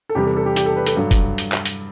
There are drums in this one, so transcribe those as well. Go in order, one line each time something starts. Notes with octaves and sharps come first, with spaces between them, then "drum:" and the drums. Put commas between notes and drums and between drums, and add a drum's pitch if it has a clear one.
A4
E2 C3 G3 G4
A4
A4
G4
G4, drum: hi-hat
A4
B4
A4, drum: hi-hat
G2 F#3
drum: kick, hi-hat
drum: hi-hat
drum: clap
drum: hi-hat